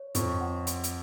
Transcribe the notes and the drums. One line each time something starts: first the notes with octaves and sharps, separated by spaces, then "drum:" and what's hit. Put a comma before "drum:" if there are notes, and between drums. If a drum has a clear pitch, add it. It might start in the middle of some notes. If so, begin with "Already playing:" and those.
Already playing: C#5
F2 C#6, drum: hi-hat
F#5
C6, drum: hi-hat
drum: hi-hat